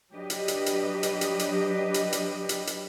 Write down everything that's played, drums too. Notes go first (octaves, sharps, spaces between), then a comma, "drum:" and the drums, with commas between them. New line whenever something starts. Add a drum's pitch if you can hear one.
F#3 D4 G4 B4 D#5
drum: hi-hat
drum: hi-hat
drum: hi-hat
drum: hi-hat
drum: hi-hat
drum: hi-hat
drum: hi-hat
drum: hi-hat
drum: hi-hat
drum: hi-hat